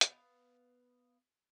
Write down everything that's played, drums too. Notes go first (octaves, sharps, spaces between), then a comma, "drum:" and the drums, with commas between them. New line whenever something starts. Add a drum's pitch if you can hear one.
B3 F5, drum: hi-hat